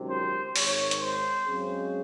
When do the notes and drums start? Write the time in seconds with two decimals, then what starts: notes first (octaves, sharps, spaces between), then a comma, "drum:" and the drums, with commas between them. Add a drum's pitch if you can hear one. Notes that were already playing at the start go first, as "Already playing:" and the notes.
Already playing: C#2 C3 D#3 F#3
0.10 C5
0.56 G#1 G#2 D#3 C#5, drum: open hi-hat
0.91 drum: hi-hat
1.01 C5
1.45 F#2 C#3 G#3 C4